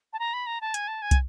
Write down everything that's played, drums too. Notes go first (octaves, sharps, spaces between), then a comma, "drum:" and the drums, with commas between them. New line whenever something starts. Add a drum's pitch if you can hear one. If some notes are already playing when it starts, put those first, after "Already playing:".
A5
A#5
B5
A#5
A5
G#5, drum: hi-hat
A5
G#5
drum: kick, hi-hat